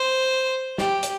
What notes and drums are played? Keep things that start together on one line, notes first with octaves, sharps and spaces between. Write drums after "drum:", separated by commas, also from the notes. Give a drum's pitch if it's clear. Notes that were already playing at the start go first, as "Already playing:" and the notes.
Already playing: C5
G4, drum: snare
drum: hi-hat